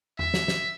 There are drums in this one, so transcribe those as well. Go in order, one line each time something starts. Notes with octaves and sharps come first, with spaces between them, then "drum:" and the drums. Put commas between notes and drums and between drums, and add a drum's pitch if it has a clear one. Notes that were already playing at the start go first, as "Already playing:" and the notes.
E5, drum: tom E2
drum: snare
drum: snare